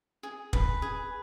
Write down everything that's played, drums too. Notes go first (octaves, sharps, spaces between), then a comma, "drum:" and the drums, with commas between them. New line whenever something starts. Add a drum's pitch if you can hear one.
G#4
B4, drum: kick
G#4